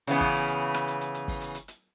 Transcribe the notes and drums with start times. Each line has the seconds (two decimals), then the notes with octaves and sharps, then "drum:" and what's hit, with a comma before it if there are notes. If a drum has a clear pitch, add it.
0.07 C#3 E3 B3, drum: hi-hat
0.21 drum: kick
0.34 drum: hi-hat
0.48 drum: hi-hat
0.74 drum: rim click
0.88 drum: hi-hat
1.01 drum: hi-hat
1.15 drum: hi-hat
1.28 drum: kick, open hi-hat
1.41 drum: hi-hat
1.55 drum: hi-hat
1.68 drum: hi-hat